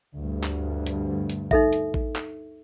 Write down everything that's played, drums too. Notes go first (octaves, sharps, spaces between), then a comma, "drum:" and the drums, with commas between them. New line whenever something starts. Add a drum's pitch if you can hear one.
D2 G2
drum: clap
drum: hi-hat
drum: hi-hat
D#4 A4 E5, drum: kick A1
drum: hi-hat
drum: kick A1
drum: clap